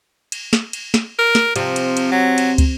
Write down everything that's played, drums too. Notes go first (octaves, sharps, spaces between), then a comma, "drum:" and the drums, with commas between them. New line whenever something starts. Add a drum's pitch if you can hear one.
drum: cymbal
drum: snare
drum: cymbal
drum: snare
A#4
drum: snare
C3 F3, drum: cymbal
drum: cymbal
drum: cymbal
F#3
drum: cymbal
drum: kick, cymbal